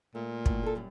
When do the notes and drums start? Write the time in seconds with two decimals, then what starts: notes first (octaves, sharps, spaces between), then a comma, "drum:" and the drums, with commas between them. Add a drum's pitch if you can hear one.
0.15 A#2 A3
0.46 A2 F#3, drum: kick
0.63 G#4 A4
0.75 F#2 G3